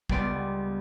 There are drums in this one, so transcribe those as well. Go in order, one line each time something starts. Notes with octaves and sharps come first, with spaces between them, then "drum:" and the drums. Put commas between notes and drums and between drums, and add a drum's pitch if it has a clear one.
C#2 G3 B3 D5 C6, drum: kick